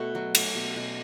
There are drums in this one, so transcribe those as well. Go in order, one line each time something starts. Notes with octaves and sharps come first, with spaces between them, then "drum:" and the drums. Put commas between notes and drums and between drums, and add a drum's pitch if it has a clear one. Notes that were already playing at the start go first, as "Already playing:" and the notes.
Already playing: B2 A3 F#4 A4 B4
F#3
A3, drum: cymbal
B2
B2